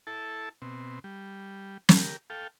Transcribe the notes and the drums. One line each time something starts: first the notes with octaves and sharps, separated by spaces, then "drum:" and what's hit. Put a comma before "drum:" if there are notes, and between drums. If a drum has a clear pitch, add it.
E4 A4 A5
B2 C4
G3
G4 A#4, drum: snare
A4 F5 G5